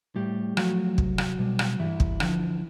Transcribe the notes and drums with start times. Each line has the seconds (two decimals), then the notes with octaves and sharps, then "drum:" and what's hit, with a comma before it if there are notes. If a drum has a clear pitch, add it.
0.16 A2 G3 G4
0.57 F3 F#3 A3 F#4, drum: rim click
0.98 C2, drum: kick
1.18 drum: rim click
1.39 B2 G3
1.59 drum: rim click
1.79 G2 E3 E4
2.00 drum: kick
2.20 D3 F3, drum: rim click